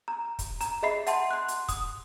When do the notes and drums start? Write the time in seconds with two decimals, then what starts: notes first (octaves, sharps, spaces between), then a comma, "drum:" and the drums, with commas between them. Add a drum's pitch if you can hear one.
0.08 A#5
0.39 drum: kick, hi-hat
0.61 A#5, drum: hi-hat
0.83 G#4 D#5 E5 B5 C7
1.07 E5 F#5 A5 C6, drum: hi-hat
1.31 C6 F#6
1.48 drum: hi-hat
1.69 D#6, drum: kick, hi-hat